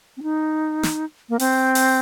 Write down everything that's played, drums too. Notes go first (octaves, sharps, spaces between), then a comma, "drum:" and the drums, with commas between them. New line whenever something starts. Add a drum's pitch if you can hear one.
C4
D#4
drum: snare
A#3
C4, drum: open hi-hat
drum: open hi-hat